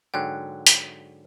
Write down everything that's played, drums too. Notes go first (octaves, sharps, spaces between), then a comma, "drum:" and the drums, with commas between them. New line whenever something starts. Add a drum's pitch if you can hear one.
G#2 D3 F#3 G5 F#6
drum: hi-hat